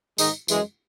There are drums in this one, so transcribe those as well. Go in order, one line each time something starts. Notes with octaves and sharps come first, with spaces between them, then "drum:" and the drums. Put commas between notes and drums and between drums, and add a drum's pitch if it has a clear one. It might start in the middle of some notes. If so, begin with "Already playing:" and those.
G#2 D#3 G#3 D#4, drum: tambourine
F#2 E3 G#3, drum: tambourine